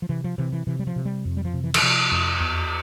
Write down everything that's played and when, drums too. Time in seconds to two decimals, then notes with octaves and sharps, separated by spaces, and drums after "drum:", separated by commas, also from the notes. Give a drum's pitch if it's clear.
0.02 F3
0.09 C3 E3
0.24 F3
0.38 C3 E3
0.53 E3
0.67 C3 E3
0.79 G3
0.87 F3
0.96 C3
1.06 G3
1.25 F2
1.37 G3
1.45 F3
1.54 C3
1.64 E3
1.74 E3, drum: cymbal
1.82 C3 F3
2.12 F2
2.40 E2